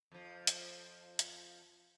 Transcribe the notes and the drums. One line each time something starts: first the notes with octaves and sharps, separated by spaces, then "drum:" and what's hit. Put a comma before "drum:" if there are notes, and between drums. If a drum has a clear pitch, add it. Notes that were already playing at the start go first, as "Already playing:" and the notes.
F2 F3
drum: hi-hat
drum: hi-hat